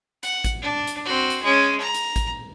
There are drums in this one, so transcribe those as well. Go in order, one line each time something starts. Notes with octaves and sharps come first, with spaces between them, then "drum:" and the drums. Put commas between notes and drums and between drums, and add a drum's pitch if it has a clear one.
F#5, drum: hi-hat
drum: kick A1, hi-hat
D4
drum: hi-hat
C4 F#4
drum: hi-hat
G#3 C#4
A#5
drum: hi-hat
drum: kick A1, hi-hat